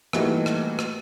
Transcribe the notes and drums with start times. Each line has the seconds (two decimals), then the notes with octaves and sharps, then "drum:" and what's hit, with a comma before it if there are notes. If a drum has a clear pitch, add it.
0.13 E3 G3 A3 A#3 D#4 F#4, drum: rim click
0.46 drum: rim click
0.79 drum: rim click